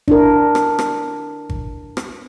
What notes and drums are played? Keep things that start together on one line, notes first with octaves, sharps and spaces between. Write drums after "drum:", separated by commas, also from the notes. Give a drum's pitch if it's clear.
D4 E4 A#4, drum: kick G#1
drum: rim click
drum: rim click
drum: kick G#1
drum: rim click